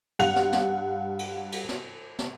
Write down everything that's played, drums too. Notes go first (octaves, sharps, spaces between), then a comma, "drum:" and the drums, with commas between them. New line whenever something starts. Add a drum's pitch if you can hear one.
G2 F5 F#5 F7, drum: cymbal
drum: snare
drum: snare
drum: cymbal
drum: cymbal
drum: snare
drum: snare